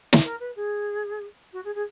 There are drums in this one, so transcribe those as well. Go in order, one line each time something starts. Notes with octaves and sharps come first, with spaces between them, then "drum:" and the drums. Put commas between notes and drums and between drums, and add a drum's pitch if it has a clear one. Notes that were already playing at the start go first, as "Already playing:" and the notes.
drum: snare
A#4
B4
G#4
F#4
G#4
G#4